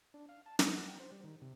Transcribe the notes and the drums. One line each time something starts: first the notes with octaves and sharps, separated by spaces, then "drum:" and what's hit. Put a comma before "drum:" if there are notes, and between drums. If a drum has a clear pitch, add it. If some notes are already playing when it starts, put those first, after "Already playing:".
D4
F5
A5
D4, drum: snare
F#5
G5
C5
G3
D#3
C3